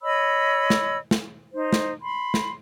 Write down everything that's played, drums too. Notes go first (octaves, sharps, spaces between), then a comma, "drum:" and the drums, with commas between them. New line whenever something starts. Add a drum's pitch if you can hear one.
C#5 D#5 B5 E6
drum: snare
drum: snare
D#4 C5
drum: snare
B5 C6
drum: snare